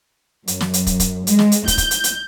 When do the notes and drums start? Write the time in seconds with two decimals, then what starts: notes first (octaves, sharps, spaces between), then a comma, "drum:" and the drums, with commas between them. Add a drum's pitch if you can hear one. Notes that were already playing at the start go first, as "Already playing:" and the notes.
0.48 F#2, drum: hi-hat
0.61 drum: snare
0.74 drum: hi-hat
0.87 drum: kick, hi-hat
1.00 drum: kick, hi-hat
1.27 G#3, drum: hi-hat
1.39 drum: snare
1.52 drum: hi-hat
1.67 G6, drum: kick, hi-hat
1.78 drum: kick, hi-hat
1.91 drum: hi-hat
2.04 drum: hi-hat